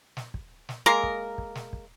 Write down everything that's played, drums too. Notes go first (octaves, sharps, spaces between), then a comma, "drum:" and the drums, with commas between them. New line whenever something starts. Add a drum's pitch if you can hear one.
drum: snare
drum: kick
drum: snare
G#3 A#3 A#4
drum: kick
drum: kick
drum: snare
drum: kick